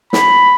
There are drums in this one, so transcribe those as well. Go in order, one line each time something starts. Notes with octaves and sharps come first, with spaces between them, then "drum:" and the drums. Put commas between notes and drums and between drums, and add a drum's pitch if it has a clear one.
B5, drum: snare